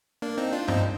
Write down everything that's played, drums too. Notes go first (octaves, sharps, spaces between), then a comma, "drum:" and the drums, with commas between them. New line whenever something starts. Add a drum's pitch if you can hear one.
A#3 D4
C4 D#4
D4 F4
C4 D#4, drum: tom G2